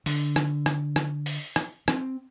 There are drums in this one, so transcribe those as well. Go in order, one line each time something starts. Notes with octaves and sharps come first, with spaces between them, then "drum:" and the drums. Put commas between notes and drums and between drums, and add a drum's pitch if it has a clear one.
D3, drum: open hi-hat
drum: rim click
drum: rim click
drum: rim click
drum: open hi-hat
drum: rim click
C4, drum: rim click